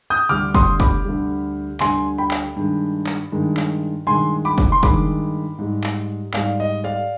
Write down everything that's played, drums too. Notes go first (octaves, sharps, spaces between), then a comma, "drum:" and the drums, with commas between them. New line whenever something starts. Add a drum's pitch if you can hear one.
D#6 G6
D2 D3 G3 D6 F6
C6 D#6, drum: kick
B5 D6, drum: kick
D2 D3 G3
D2 D3 G3 G#5 C6, drum: clap
G5 B5
drum: clap
G2 D#3 G#3
drum: clap
G2 D#3 G#3
drum: clap
G2 D#3 G#3 G#5 C6, drum: tom A#2
B5 D6
drum: kick
C6
G2 D#3 G#3 B5 D6, drum: kick
G#2 G3
drum: clap
G#2 G3 D5 F5, drum: clap
D#5
D5 F5